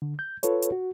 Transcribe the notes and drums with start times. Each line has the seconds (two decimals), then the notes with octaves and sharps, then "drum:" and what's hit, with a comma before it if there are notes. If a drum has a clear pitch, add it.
0.02 D3
0.19 G6
0.43 F4 A4 B4 C#5, drum: hi-hat
0.62 drum: hi-hat
0.72 F#4